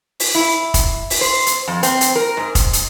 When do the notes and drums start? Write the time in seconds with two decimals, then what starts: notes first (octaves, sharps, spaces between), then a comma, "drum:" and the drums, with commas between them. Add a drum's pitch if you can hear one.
0.20 drum: open hi-hat
0.35 E4
0.74 drum: kick F1, hi-hat
1.10 drum: open hi-hat
1.21 C5
1.46 drum: hi-hat
1.68 F2
1.83 C4, drum: hi-hat
2.01 drum: hi-hat
2.15 A#4
2.37 G#2
2.55 drum: kick F1, hi-hat
2.73 drum: hi-hat